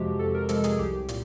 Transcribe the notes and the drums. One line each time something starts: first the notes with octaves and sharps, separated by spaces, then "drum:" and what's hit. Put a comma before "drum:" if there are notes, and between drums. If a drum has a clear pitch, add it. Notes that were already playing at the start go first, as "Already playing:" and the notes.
Already playing: F2 C3 F3 G#3 F#4 G4
F2 A4
A#4
C3 F3 G#3 A4, drum: hi-hat
G#4, drum: hi-hat
C2 G4
A#2, drum: hi-hat